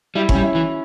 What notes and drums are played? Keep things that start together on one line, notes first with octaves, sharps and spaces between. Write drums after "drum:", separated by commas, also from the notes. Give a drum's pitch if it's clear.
G3 E4
C#4, drum: kick F#1
G3
E4
E3